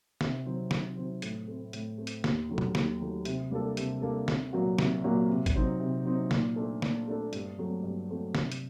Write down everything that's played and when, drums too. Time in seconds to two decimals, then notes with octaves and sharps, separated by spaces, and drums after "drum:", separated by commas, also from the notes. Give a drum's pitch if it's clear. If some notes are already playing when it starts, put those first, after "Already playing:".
0.21 C3, drum: snare
0.46 D#3 F#3 C4
0.71 C3, drum: snare
0.97 D#3 F#3 C4
1.22 A2, drum: hi-hat
1.47 A3 C4
1.73 A2, drum: hi-hat
1.98 A3 C4
2.07 drum: hi-hat
2.24 D#2, drum: snare
2.49 D#3 F#3 A3
2.58 drum: tom A#2
2.75 D#2, drum: snare
3.01 D#3 F#3 A3
3.25 C3, drum: hi-hat
3.51 G3 A#3 D4 A4
3.77 C3, drum: hi-hat
4.02 G3 A#3 D4 A4
4.28 C2, drum: snare
4.53 A#2 F#3 A#3 F#4
4.78 C2, drum: snare
5.04 A#2 F#3 A#3 F#4
5.29 C3
5.46 drum: kick G#1, hi-hat
5.55 F#3 C4 D#4
5.80 C3
6.05 F#3 C4 D#4
6.31 A#2, drum: snare
6.56 A3 D4 A4
6.82 A#2, drum: snare
7.07 A3 D4 A4
7.33 G2, drum: hi-hat
7.59 F#3 A3 C4
7.84 G2
8.09 F#3 A3 C4
8.35 C3, drum: snare
8.52 drum: hi-hat